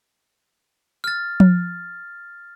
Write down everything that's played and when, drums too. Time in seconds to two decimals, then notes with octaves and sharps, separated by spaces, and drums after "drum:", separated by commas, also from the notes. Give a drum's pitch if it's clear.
1.04 F6 A6
1.40 drum: tom F3